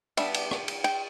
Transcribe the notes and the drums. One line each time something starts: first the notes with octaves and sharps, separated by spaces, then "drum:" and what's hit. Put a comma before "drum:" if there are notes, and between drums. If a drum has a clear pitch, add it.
G3 B3 D4 E5, drum: cymbal
drum: cymbal
drum: rim click
drum: cymbal
G5, drum: cymbal